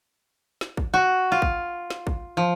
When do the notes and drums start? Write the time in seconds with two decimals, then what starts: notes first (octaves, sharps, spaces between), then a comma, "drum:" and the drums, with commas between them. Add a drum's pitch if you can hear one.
0.61 drum: snare
0.77 drum: kick
0.94 F#4
1.32 F4
1.42 drum: kick
1.90 drum: snare
2.07 drum: kick
2.37 F3